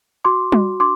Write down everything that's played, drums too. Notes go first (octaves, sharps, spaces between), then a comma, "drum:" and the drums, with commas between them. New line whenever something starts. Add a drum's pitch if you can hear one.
F#4 C6 D6
F#4, drum: tom G3
D4 C6 D6